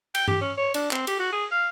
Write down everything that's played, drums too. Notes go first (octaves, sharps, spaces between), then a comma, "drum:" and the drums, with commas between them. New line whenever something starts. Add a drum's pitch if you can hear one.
G5, drum: cymbal
G4, drum: tom G2
C#4
C#5
D4, drum: cymbal
C4, drum: clap
G4, drum: cymbal
F#4
G#4
F5